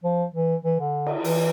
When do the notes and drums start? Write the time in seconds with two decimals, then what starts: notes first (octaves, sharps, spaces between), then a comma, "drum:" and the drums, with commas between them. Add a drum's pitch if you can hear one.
0.04 F3
0.34 E3
0.64 E3
0.80 D3
1.06 drum: cymbal
1.24 E3, drum: open hi-hat